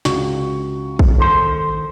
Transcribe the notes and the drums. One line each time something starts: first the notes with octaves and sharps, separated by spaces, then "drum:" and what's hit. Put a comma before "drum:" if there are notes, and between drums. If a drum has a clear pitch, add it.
C#2 F#4 C#6, drum: snare
drum: kick
D#3 A4 C5 C6